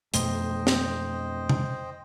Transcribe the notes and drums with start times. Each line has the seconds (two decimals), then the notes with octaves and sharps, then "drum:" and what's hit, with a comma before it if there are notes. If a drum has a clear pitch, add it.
0.14 F2 B2 A3 C5 D#5 G5, drum: hi-hat
0.67 drum: snare
1.49 drum: tom C3